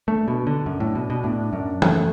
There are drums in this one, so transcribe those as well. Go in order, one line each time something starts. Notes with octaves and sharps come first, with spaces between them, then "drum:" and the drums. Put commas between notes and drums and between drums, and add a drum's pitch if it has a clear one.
A3 D4
B2
D3
F#2 D4
A2
B2
B2
A2
F#2
F#2 A3, drum: tom